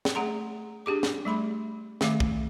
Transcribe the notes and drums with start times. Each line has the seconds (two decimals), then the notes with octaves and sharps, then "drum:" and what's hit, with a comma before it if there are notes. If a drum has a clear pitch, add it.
0.05 drum: snare
0.15 A3 G#4 F#5 A#5 C6
0.86 D4 G4 G#4 D6
1.03 drum: snare
1.25 G3 A3 B5 C6
2.01 D#3 A3 F5 D6, drum: snare
2.20 drum: kick